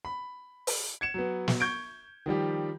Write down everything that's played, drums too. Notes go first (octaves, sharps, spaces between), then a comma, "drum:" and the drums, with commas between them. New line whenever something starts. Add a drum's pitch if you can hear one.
B5
drum: open hi-hat
G#6 C#7 E7
F#3 B3
drum: snare
C#6 G6 G#6 D7
D#3 F3 G3 G4